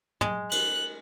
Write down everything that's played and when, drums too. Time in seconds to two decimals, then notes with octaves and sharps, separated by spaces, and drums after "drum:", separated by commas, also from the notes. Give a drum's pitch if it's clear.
0.21 G#3, drum: tom
0.51 F#6, drum: cymbal